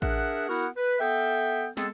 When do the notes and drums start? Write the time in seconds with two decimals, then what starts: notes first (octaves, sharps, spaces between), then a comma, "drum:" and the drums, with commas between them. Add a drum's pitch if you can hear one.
0.02 D4 G#4 A#4 E5 F#5, drum: kick A1
0.49 B3 E4 F#4 A#4 F#5
0.77 B4
1.00 B3 A4 E5 G5
1.77 G#3 B3 C4 G#4 A4, drum: snare